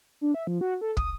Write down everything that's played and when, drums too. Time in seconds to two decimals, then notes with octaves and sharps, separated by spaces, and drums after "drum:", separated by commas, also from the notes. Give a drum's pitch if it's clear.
0.21 D4
0.34 E5
0.47 F3
0.61 F#4
0.81 A4
0.97 D#6, drum: kick